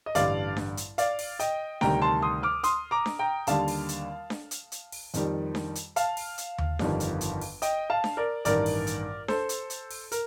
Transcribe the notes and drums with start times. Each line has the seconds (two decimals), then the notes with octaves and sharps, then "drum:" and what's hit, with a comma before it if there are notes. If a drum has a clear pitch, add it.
0.06 D#5
0.15 A1 G2 D3 G3 D5 F5, drum: hi-hat
0.57 drum: snare D4
0.77 drum: hi-hat
0.98 D5 F5, drum: hi-hat
1.19 drum: open hi-hat
1.39 D#5 G5, drum: hi-hat
1.81 D2 C3 D#3 G3 G5 A#5, drum: snare D4
2.02 A5 C6
2.22 C6 D#6
2.43 D6 F6
2.63 C6 D#6, drum: hi-hat
2.91 A#5 D6
3.06 drum: snare D4
3.19 G5 A#5
3.47 D#2 D3 G3 F5 A5, drum: hi-hat
3.68 drum: open hi-hat
3.89 drum: hi-hat
4.30 drum: snare D4
4.51 drum: hi-hat
4.72 drum: hi-hat
4.92 drum: open hi-hat
5.14 F2 D#3 G3, drum: hi-hat
5.55 drum: snare D4
5.75 drum: hi-hat
5.96 F5 A5, drum: hi-hat
6.17 drum: open hi-hat
6.38 drum: hi-hat
6.58 drum: tom D#2
6.79 G1 F2 D#3 G3, drum: snare D4
7.00 drum: hi-hat
7.21 drum: hi-hat
7.41 drum: open hi-hat
7.62 D#5 G5, drum: hi-hat
7.90 F5 A5
8.04 drum: snare D4
8.17 A#4 D5
8.45 A1 G2 D#3 G3 A#4 D5, drum: hi-hat
8.66 drum: open hi-hat
8.87 drum: hi-hat
9.28 A4 C5, drum: snare D4
9.49 drum: hi-hat
9.70 drum: hi-hat
9.91 drum: open hi-hat
10.12 A#4, drum: hi-hat